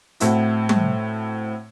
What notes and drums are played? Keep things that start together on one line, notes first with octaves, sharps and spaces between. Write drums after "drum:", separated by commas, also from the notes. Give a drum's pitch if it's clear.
A2 C4 E4 F#4, drum: hi-hat
drum: tom